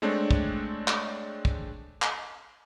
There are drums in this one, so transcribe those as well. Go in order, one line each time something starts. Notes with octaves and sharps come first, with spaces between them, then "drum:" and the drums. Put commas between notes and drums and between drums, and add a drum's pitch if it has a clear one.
G#3 A3 C4 D4 C#5
drum: kick
drum: clap
drum: kick
drum: clap